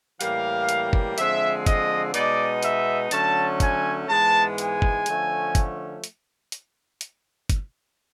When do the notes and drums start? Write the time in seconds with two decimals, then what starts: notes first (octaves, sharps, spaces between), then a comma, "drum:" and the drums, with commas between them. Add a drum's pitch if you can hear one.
0.21 A2 E3 G3 A#3 F5, drum: hi-hat
0.69 drum: hi-hat
0.93 drum: kick G1
1.18 D3 F3 G#3 C4 E5, drum: hi-hat
1.66 D#5, drum: kick G1, hi-hat
2.14 B2 G#3 B3 D#4 D5, drum: hi-hat
2.63 E5, drum: hi-hat
3.11 D3 F#3 A3 C#4 A5, drum: hi-hat
3.60 G#5, drum: kick G1, hi-hat
4.09 G#2 E3 G#3 B3 A5
4.58 G#5, drum: hi-hat
4.82 drum: kick G1
5.06 D3 F3 A3 C#4, drum: hi-hat
5.55 drum: kick G1, hi-hat
6.04 drum: hi-hat
6.52 drum: hi-hat
7.01 drum: hi-hat
7.50 drum: kick G1, hi-hat